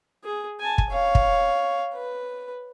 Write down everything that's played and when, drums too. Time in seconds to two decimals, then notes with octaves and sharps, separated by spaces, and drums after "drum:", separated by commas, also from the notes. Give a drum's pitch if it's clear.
0.24 G#4
0.60 G#5 A5
0.78 drum: kick
0.91 C#5 F5
1.15 drum: kick
1.94 B4